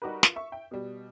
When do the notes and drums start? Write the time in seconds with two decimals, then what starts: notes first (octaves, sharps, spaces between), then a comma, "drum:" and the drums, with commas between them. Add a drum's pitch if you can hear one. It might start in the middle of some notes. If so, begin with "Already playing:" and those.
0.02 G3 D#4 F#4 G4 A#4 B4
0.23 F4, drum: snare
0.36 E5 C#6
0.52 E5 G5
0.71 B2 G3